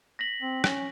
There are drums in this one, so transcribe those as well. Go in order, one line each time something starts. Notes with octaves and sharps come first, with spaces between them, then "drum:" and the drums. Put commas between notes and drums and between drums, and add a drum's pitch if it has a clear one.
A#6 B6 F#7
C4
C#4, drum: rim click